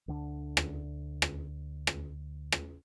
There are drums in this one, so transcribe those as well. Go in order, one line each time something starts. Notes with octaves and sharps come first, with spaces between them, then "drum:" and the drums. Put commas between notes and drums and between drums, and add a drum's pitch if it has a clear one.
D2 D3 D4
drum: rim click
drum: rim click
drum: rim click
drum: rim click